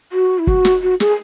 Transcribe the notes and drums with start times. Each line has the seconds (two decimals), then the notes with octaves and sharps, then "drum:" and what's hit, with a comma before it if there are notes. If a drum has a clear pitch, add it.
0.12 F#4
0.38 E4
0.47 F#4, drum: kick
0.65 drum: snare
0.82 F#4
1.00 G#4, drum: snare